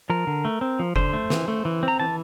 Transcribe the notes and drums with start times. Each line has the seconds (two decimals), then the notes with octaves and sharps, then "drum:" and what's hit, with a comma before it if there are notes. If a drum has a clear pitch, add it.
0.10 F3 A#4
0.27 D3
0.45 A3
0.61 C4
0.79 F3
0.96 D3 C5, drum: kick F#1
1.13 A3
1.30 E3, drum: snare
1.48 A3
1.65 E3
1.83 C4
1.88 A#5
2.00 E3 A5